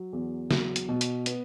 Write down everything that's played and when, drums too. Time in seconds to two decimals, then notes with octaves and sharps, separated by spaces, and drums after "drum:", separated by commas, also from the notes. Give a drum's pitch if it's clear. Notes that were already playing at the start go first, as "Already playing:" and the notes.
Already playing: F#3
0.13 E2
0.51 F#3, drum: snare
0.76 drum: hi-hat
0.89 B2
1.01 drum: hi-hat
1.26 B3, drum: hi-hat